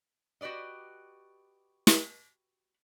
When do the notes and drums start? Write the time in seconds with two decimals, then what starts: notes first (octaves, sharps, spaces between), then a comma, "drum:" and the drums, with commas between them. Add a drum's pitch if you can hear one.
0.41 F#4 G4 B4 D5 D#5
1.87 drum: snare